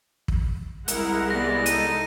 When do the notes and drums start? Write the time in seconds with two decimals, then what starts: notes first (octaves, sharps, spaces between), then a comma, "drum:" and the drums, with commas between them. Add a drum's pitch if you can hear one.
0.28 drum: kick
0.88 C2 G#3 E4 A#4 F#5, drum: hi-hat
1.30 E3 B3 D5 A#6
1.66 D#4 A4 D#7, drum: hi-hat